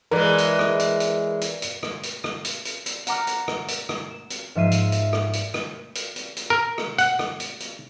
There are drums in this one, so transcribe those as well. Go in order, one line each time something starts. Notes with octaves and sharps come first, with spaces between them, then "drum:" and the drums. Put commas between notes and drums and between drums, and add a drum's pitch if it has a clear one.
E3 G#3 A#4 B4 D5
drum: hi-hat
drum: rim click
drum: hi-hat
drum: hi-hat
drum: hi-hat
drum: hi-hat
drum: rim click
drum: hi-hat
drum: rim click
drum: hi-hat
drum: hi-hat
drum: hi-hat
F#5 A#5 D6 F6, drum: hi-hat
drum: hi-hat
drum: rim click
drum: hi-hat
drum: rim click
E7
drum: hi-hat
G#2 F3 E5 C7 D#7
drum: hi-hat
drum: hi-hat
drum: rim click
drum: hi-hat
drum: rim click
drum: hi-hat
drum: hi-hat
drum: hi-hat
A#4
drum: rim click
F#5, drum: hi-hat
drum: rim click
drum: hi-hat
drum: hi-hat